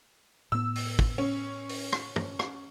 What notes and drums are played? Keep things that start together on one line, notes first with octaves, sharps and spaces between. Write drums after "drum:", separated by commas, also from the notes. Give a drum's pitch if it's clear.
A2 B3 E6
drum: open hi-hat
drum: kick
C#4
drum: open hi-hat
drum: rim click
drum: tom
drum: rim click